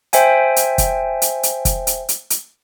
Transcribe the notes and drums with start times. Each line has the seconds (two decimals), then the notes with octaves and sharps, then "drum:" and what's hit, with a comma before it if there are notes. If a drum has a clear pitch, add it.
0.13 C5 E5 G5 G#5, drum: hi-hat
0.56 drum: hi-hat
0.78 drum: kick, hi-hat
1.22 drum: hi-hat
1.43 drum: hi-hat
1.65 drum: kick, hi-hat
1.87 drum: hi-hat
2.09 drum: hi-hat
2.30 drum: hi-hat